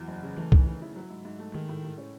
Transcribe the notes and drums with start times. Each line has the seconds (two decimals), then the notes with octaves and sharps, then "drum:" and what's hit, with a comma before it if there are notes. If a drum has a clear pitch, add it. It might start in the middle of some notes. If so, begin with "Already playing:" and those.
Already playing: E2 E3 F#3
0.08 F#1
0.23 C#3
0.37 E3 A3
0.52 D#3, drum: kick
0.67 D#3
0.82 E4
0.96 F#3
1.10 G#2
1.25 G#2
1.39 A3
1.55 D#3 G#3
1.69 A2
1.84 A2
1.98 C#4